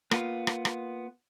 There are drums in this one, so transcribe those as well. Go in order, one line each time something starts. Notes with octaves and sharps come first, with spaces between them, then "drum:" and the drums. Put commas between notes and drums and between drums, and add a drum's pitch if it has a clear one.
A#3 B3 F4, drum: rim click
drum: rim click
drum: rim click